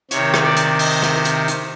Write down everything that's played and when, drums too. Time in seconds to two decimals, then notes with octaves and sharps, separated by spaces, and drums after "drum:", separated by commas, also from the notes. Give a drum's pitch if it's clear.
0.11 C3 D#3 C#5, drum: hi-hat
0.34 drum: rim click
0.45 D5
0.57 drum: hi-hat
0.79 D#5, drum: open hi-hat
1.02 drum: rim click
1.25 drum: hi-hat
1.48 drum: hi-hat